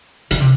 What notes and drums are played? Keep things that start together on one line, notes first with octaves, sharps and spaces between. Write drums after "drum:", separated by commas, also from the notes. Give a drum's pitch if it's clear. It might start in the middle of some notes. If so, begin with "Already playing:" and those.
D3, drum: hi-hat
C3